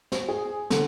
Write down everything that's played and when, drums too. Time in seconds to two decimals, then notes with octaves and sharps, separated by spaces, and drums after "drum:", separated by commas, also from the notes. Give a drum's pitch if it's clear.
0.12 C5, drum: snare
0.28 G#4
0.70 D3, drum: snare